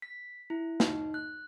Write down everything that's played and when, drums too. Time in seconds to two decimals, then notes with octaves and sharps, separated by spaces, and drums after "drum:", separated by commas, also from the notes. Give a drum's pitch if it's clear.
0.02 B6
0.50 E4
0.80 D#4, drum: snare
1.14 F#6